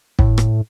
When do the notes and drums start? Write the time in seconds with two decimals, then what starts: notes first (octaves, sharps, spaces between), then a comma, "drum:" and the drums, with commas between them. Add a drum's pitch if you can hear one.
0.19 A2, drum: kick
0.38 drum: rim click